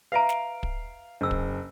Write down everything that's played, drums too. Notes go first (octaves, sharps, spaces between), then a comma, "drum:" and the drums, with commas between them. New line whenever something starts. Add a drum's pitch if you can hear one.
B4 E5 F5 A#5 D7
drum: snare
drum: kick
F#1 D4 E6
drum: kick